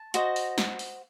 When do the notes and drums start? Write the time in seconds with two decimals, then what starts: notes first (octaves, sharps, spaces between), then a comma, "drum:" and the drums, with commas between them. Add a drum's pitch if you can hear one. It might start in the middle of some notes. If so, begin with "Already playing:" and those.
Already playing: A5
0.14 F#4 C5 D#5, drum: hi-hat
0.36 drum: open hi-hat
0.58 drum: snare
0.79 drum: open hi-hat